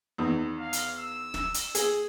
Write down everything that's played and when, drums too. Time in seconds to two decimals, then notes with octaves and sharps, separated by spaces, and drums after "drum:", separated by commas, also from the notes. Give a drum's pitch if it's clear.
0.18 E2 D#3
0.59 F5
0.73 drum: hi-hat
0.97 E6
1.34 drum: snare
1.54 drum: hi-hat
1.75 G#4, drum: hi-hat